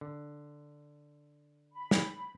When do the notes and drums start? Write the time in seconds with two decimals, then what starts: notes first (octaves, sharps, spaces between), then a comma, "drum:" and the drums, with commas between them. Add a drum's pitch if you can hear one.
0.01 D3
1.73 B5
1.91 drum: snare